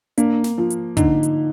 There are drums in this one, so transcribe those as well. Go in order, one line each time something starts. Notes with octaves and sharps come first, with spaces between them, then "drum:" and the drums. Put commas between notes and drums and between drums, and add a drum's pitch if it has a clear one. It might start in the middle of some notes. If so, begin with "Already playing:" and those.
A#3 D4, drum: hi-hat
drum: snare
F3
drum: hi-hat
D3 D#4, drum: kick, hi-hat
drum: hi-hat